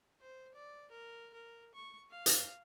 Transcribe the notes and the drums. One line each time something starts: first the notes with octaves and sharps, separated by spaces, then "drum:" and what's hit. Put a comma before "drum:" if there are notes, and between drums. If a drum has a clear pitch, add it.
C5
D5
A#4
A#4
C#6
F5
drum: hi-hat